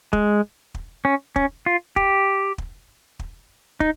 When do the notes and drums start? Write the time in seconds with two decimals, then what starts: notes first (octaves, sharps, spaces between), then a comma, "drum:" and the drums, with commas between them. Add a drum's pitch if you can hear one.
0.13 G#3, drum: kick
0.74 drum: kick
1.05 C#4
1.36 C#4, drum: kick
1.66 F4
1.96 G4, drum: kick
2.58 drum: kick
3.19 drum: kick
3.80 D#4, drum: kick